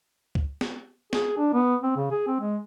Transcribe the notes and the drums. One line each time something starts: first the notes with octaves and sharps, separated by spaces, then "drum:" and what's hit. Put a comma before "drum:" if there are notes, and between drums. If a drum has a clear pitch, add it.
drum: kick C#2
drum: snare
G#4, drum: snare
D4
B3
C4
C#3
G#4
C4
G#3